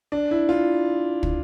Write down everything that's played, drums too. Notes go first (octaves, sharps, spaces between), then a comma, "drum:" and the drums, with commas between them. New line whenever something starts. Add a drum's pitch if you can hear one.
D4
E4
F4
drum: kick